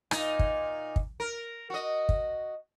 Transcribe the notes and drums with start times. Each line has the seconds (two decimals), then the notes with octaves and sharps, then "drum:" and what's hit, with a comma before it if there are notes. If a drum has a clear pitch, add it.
0.11 A#2 D#4, drum: rim click
0.39 drum: kick
0.96 drum: kick
1.20 A#4
1.70 F#4 D#5
2.09 drum: kick